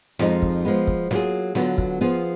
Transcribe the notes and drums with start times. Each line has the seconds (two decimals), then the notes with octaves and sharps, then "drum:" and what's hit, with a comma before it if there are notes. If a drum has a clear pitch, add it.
0.19 F2 F3 G#3 D#4, drum: snare
0.42 drum: kick
0.65 F3 G#3 B3
0.87 drum: kick
1.11 F#3 A#3 F4 G#4, drum: snare
1.55 D3 F#3 B3 F4, drum: snare
1.78 drum: kick
2.01 F3 B3 F4 G#4